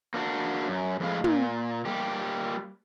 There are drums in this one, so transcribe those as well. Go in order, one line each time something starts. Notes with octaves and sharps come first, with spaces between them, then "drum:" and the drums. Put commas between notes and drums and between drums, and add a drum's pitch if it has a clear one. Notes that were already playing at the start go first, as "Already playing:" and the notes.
A#3 D4 F#4
F#2
F2 A2 G#3 F5
A#2, drum: tom
G3 A#3 G4